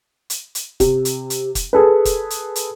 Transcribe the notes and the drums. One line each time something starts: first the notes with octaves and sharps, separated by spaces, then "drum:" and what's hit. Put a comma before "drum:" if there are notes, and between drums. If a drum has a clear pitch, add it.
drum: hi-hat
drum: hi-hat
C3, drum: kick, hi-hat
drum: hi-hat
drum: hi-hat
drum: kick, hi-hat
G#4 A4 B4
drum: kick, hi-hat
drum: hi-hat
drum: hi-hat